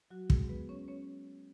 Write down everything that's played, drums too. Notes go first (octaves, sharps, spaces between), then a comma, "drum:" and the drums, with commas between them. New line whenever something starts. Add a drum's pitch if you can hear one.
F#3 F#4
G#3 G#4, drum: kick
B3 B4
C#4 C#5
C#4 C#5